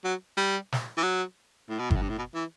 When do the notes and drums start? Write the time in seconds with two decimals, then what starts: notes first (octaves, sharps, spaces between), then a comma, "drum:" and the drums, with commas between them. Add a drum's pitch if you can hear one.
0.04 F#3
0.37 G3
0.72 drum: snare
0.97 E3
1.03 F#3
1.69 A2
1.79 B2
1.91 A2, drum: kick G1
1.96 F#2
2.02 G2
2.09 A2
2.18 B2
2.34 E3